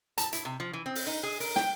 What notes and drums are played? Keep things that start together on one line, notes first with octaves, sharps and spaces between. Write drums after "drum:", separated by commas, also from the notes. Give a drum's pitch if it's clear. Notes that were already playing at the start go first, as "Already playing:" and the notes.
A5, drum: hi-hat
E4, drum: hi-hat
C3
F3
E3
C4
drum: open hi-hat
D#4
G#4
A#4, drum: open hi-hat
G5, drum: snare